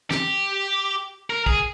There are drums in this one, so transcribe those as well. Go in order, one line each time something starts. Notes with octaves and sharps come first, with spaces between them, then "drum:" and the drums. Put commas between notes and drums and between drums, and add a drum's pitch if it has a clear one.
G4, drum: snare
A#4
G#4, drum: kick